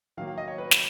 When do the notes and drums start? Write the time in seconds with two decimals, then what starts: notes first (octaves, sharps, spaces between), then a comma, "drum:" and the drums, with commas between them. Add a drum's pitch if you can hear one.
0.17 D#3 F#3 A#3 F5
0.27 F5
0.38 D#5
0.48 C#5
0.58 B4
0.71 drum: snare